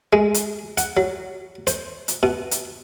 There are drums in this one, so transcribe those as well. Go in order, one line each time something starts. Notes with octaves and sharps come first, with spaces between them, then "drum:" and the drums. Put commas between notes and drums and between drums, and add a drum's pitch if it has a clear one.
G#3
drum: hi-hat
F#5, drum: hi-hat
F#3
C5, drum: hi-hat
drum: hi-hat
B2
drum: hi-hat